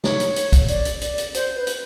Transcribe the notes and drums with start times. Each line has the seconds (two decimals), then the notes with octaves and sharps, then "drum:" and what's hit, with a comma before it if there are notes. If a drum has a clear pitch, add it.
0.04 C#5, drum: snare
0.20 drum: hi-hat
0.36 drum: hi-hat
0.52 drum: kick, hi-hat
0.68 D5, drum: hi-hat
0.85 drum: hi-hat
1.01 D5, drum: hi-hat
1.18 drum: hi-hat
1.34 C5, drum: hi-hat
1.55 B4
1.67 drum: hi-hat